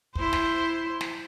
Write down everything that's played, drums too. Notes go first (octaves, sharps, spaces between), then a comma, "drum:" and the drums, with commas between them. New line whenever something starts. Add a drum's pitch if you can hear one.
E4 C5, drum: kick
drum: snare
drum: snare